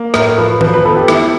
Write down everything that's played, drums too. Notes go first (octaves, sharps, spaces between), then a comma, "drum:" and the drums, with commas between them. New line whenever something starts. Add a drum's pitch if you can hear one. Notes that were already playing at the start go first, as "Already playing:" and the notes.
Already playing: A#3
A2 A#4, drum: rim click
F3 B4
F3 B4, drum: tom D#3
B4
B3 A4
G4
E4, drum: rim click